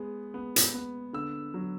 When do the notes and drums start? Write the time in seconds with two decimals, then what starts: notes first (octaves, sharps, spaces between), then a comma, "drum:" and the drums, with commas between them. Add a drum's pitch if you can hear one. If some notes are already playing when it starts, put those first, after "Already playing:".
Already playing: G#3 B3
0.34 B3
0.56 drum: hi-hat
0.74 B3
1.13 D3 E6
1.54 F#3